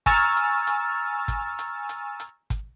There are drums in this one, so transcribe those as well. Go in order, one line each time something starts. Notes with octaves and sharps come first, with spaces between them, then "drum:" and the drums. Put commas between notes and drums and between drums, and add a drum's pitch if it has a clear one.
G#5 A#5 C#6 E6 F6 A6, drum: kick, hi-hat
drum: hi-hat
drum: hi-hat
drum: kick, hi-hat
drum: hi-hat
drum: hi-hat
drum: hi-hat
drum: kick, hi-hat